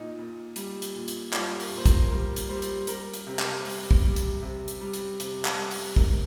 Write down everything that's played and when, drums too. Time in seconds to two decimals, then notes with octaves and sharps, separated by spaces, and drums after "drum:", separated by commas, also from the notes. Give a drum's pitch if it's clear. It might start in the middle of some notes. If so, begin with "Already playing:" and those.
Already playing: A#2 D#4
0.18 A#2
0.56 G3, drum: hi-hat
0.82 drum: hi-hat
0.95 A#2
1.08 drum: hi-hat
1.33 G3 F4, drum: clap
1.60 A#4, drum: open hi-hat
1.72 A#2
1.78 C5
1.86 A#4, drum: kick, hi-hat
2.11 G3 A#4
2.36 drum: hi-hat
2.49 G3 C5
2.62 drum: hi-hat
2.87 G3 A#4, drum: hi-hat
3.14 drum: hi-hat
3.27 C3
3.39 drum: clap
3.65 G3, drum: open hi-hat
3.91 drum: kick
4.03 G3
4.16 drum: hi-hat
4.42 C3
4.68 drum: hi-hat
4.81 G3
4.94 drum: hi-hat
5.20 C3, drum: hi-hat
5.45 drum: clap
5.58 G3
5.71 drum: open hi-hat
5.96 G#2 A#4, drum: kick